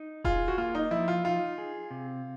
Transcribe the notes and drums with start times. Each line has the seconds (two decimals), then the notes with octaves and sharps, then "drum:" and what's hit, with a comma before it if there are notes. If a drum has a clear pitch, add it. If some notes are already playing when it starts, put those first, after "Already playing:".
Already playing: D#4
0.24 F4 G#4, drum: kick D#1
0.48 F#4
0.58 A#3 F4
0.75 D#4
0.91 F3 E4
1.08 F4
1.24 D#4 F4
1.58 G#4
1.91 C3